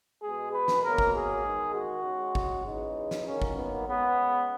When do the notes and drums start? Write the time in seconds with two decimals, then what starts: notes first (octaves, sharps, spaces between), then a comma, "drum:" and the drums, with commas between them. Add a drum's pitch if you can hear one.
0.22 G#3 G#4
0.27 B2
0.53 B4
0.68 drum: snare
0.83 B2 F#3 A#3 A#4
0.98 drum: kick
1.14 G#4
1.44 D#3 G#3
1.74 F#4
2.04 C#3 G#3
2.35 drum: kick
2.65 C#3 E3 G#3 D#4
3.11 drum: snare
3.26 D#3 F#3 A#3 C#4
3.42 drum: kick
3.56 B3
3.87 C#3 G#3 B3